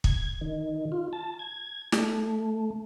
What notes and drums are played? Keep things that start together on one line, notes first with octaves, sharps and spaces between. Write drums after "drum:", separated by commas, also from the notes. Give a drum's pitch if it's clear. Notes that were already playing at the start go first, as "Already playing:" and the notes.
G#6, drum: kick
D#3
F4
A5
G#6
A3, drum: snare